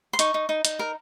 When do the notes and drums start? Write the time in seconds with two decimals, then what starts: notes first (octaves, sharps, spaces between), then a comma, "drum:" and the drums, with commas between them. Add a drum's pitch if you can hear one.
0.13 C6
0.19 D#4 C#6, drum: hi-hat
0.34 D#4
0.49 D#4
0.65 D#4, drum: hi-hat
0.79 A#4